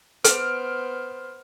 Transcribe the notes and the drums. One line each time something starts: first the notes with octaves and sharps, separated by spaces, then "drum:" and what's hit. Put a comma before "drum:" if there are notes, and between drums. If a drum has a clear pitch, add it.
B3 C5 F6 D7, drum: hi-hat